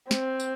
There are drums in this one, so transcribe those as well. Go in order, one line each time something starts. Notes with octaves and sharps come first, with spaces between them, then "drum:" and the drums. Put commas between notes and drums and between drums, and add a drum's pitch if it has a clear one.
C4, drum: snare
drum: tambourine